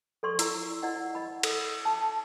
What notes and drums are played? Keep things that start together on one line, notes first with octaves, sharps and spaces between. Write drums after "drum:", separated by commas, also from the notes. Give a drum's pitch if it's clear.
A4 D5 C6 C#6
E4 A#5 E6, drum: hi-hat
E4 D5 D#5 F#5
D#5 B5
A4, drum: cymbal
A5